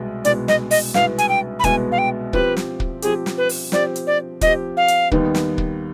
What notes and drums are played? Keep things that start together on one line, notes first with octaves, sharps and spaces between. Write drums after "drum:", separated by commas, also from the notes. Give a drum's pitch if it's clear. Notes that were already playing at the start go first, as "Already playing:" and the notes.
Already playing: C2 B2 G#3 B3
C2 B2 G#3 B3 D5, drum: hi-hat
D#5, drum: snare
D#5, drum: open hi-hat
C2 B2 G#3 B3 F5, drum: snare
G#5, drum: hi-hat
G5
B5
C2 B2 G#3 B3 G#5, drum: kick, hi-hat
F5
G5
F3 C4 G4 B4, drum: kick
drum: snare
drum: kick
F3 C4 G4 G#4, drum: hi-hat
drum: snare
B4
drum: open hi-hat
F3 C4 G4 D5, drum: snare
drum: hi-hat
D5
F3 C4 G4 D#5, drum: kick, hi-hat
F5
drum: hi-hat
D#2 D#3 G3 B3 D#4, drum: kick
drum: snare
drum: kick